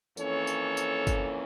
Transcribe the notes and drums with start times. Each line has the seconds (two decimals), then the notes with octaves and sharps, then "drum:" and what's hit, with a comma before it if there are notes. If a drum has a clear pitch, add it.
0.17 F2 E3 A#3 C#4 A4 C#5, drum: tambourine
0.47 drum: tambourine
0.77 drum: tambourine
1.07 drum: kick G1, tambourine